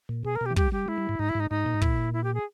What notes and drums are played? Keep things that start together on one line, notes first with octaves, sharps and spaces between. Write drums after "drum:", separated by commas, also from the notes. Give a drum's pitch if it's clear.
A#2
B2 G#4
A#4
B2 G4
E3
G3 G4, drum: kick
G3 G4
G#3 E4
G3
G#2
G#2 D#4
E4
G#2
D#4
G#2 D#4
A#2
G#2
A#2 E4, drum: kick
E4
G4
G#4